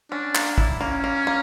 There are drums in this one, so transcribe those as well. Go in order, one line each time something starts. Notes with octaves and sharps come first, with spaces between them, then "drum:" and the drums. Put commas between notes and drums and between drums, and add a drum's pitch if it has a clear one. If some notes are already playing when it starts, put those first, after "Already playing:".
C#4 D4
A#3, drum: clap
E4, drum: kick
A#3 C#4
A#3
A#3